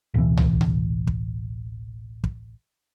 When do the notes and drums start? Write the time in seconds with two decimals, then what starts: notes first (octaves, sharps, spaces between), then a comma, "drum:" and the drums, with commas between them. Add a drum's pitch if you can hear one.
0.14 A1 D2 B2 E3
0.37 drum: tom C2
0.61 drum: tom C3
1.07 drum: kick
2.24 drum: kick